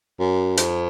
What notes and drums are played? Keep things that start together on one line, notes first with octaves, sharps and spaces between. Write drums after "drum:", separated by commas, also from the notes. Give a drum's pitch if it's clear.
F#2
F2, drum: hi-hat